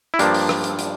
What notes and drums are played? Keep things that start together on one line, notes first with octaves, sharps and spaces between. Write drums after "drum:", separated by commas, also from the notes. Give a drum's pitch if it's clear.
E4
G2 F3 A#3 D4, drum: hi-hat
drum: open hi-hat
drum: rim click
drum: hi-hat
drum: hi-hat